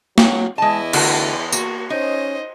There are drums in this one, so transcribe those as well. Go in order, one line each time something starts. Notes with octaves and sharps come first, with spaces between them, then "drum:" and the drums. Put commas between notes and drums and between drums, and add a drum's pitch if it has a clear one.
F#3, drum: snare
E2 G#3 E4 D#5 A5
D3 A3 F#4, drum: cymbal
A#3 F#4, drum: tambourine
C#4 D#4 C5 D#5